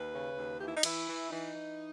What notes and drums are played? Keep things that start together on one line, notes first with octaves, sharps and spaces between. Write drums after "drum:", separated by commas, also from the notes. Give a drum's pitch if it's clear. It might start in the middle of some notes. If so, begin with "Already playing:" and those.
Already playing: D#2 B4
C#3
D#2
E3 G4
E4
D#4
E3 E4, drum: cymbal
E3
E3 D#4
E3